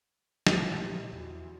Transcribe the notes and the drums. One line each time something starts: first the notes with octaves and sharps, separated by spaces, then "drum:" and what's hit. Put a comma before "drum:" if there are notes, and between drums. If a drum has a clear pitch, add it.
drum: snare
A#2 C#3 E4 G4 D#5
E2 F#4